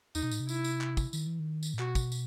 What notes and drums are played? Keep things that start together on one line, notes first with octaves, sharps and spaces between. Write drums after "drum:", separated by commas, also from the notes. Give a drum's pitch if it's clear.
E2 D#4, drum: tambourine
B2
A2, drum: tambourine
C3
E4, drum: tambourine
drum: tambourine
drum: clap
drum: kick, tambourine
D#3, drum: tambourine
E3
D#3
drum: tambourine
A2
B2 F#4, drum: clap
drum: kick, tambourine
drum: tambourine